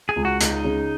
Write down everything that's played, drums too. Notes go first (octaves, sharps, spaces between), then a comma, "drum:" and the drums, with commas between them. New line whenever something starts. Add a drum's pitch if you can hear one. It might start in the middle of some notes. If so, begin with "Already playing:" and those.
G#4
C#2
F#4
C#2 D#4, drum: hi-hat
C#3